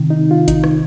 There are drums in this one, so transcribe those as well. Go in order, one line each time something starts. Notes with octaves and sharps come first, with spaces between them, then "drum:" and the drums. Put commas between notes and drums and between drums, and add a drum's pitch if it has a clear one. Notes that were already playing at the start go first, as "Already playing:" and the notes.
Already playing: C3 D#3
D#4
F4
D#4, drum: kick A1, hi-hat
drum: rim click